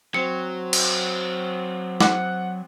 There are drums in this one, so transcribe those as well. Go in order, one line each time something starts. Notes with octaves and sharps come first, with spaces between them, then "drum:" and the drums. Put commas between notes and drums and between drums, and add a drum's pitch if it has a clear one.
F#3 C4 C#7
drum: cymbal
F#5 D6, drum: snare